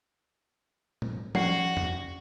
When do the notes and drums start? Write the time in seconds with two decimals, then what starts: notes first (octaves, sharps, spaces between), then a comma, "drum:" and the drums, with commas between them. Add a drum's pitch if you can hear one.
1.02 drum: tom A2
1.35 C#4 F#4 D5 F#5, drum: tom F3
1.77 drum: tom E2